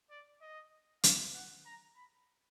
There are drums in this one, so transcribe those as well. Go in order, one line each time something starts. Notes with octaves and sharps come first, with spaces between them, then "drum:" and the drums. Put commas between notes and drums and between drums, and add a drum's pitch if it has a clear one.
D5
D#5
F5, drum: hi-hat
F#5
A#5
B5